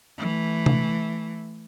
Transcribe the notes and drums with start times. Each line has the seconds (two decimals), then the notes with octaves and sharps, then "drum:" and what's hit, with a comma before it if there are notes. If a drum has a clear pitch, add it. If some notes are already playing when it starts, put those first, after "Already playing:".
0.18 E3 A3
0.66 drum: tom C3